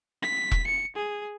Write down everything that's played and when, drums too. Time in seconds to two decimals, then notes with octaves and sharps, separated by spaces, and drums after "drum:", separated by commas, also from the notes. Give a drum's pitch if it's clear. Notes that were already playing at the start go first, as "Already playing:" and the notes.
0.22 B6
0.51 drum: kick E1
0.67 C#7
0.96 G#4